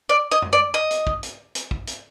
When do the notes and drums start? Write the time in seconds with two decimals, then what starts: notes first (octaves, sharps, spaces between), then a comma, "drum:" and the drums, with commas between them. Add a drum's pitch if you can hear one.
0.09 D5
0.31 D#5
0.42 drum: tom F#2
0.53 D5
0.74 D#5
0.91 drum: hi-hat
1.07 drum: kick
1.23 drum: hi-hat
1.55 drum: hi-hat
1.71 drum: kick
1.87 drum: hi-hat